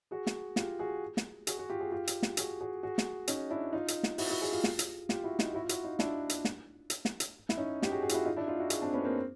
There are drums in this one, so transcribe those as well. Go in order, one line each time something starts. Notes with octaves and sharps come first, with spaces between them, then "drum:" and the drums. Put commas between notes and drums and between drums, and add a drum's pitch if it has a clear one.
F#4 G#4
drum: snare
F4 G4, drum: snare
F#4 G#4
drum: snare
F#4 G#4, drum: hi-hat
F#4 G#4
F4 G4
F#4 G#4
F4 G4
drum: hi-hat
drum: snare
F#4 G#4, drum: hi-hat
F#4 G#4
F#4 G#4
drum: snare
C#4 D#4, drum: hi-hat
D4 E4
D#4 F4
drum: hi-hat
drum: snare
E4 F#4, drum: open hi-hat
E4 F#4
F#4 G#4
F4 G4
drum: snare
drum: hi-hat
F4 G4, drum: snare
E4 F#4
D#4 F4, drum: snare
E4 F#4
F4
E4 F#4, drum: hi-hat
D#4 F4
D4 E4, drum: snare
drum: hi-hat
drum: snare
drum: hi-hat
drum: snare
drum: hi-hat
E4, drum: snare
C#4 D#4
G4, drum: snare
F#4 G#4
F#4 G#4
F4, drum: hi-hat
E4 F#4
D#4 F4
D4 E4
D#4 F4
E4 F#4
F#4 G#4, drum: hi-hat
C4 D4
B3 C#4
A#3 C4